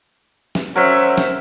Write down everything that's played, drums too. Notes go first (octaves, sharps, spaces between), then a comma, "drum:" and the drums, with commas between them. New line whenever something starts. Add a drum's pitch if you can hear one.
drum: snare
F#3 C#4 A#4 C5 E5
drum: snare